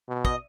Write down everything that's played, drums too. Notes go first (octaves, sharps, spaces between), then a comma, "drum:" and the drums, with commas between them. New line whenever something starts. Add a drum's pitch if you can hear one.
B2
D#5, drum: kick